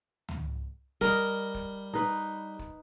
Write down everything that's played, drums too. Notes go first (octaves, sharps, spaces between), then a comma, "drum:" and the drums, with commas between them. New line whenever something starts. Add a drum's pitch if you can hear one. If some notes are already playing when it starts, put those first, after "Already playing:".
drum: tom C#2
G3 A#4 D#5, drum: kick
drum: kick
D#4 B4
drum: kick